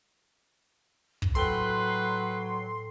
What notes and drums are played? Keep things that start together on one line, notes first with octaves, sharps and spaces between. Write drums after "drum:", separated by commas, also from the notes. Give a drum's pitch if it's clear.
drum: kick
A2 F#3 A4 B4 G5 C6, drum: open hi-hat